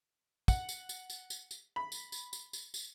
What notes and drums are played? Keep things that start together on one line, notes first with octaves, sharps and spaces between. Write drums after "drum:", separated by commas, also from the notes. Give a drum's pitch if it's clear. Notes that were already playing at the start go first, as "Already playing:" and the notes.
F#5, drum: kick, tambourine
drum: tambourine
drum: tambourine
drum: tambourine
drum: tambourine
drum: tambourine
B5
drum: tambourine
drum: tambourine
drum: tambourine
drum: tambourine
drum: tambourine